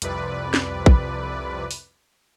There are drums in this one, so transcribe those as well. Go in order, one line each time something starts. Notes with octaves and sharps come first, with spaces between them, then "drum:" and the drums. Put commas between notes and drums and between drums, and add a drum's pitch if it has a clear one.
C2 F2 C3 B4 D5, drum: hi-hat
drum: snare
drum: kick A#1
drum: open hi-hat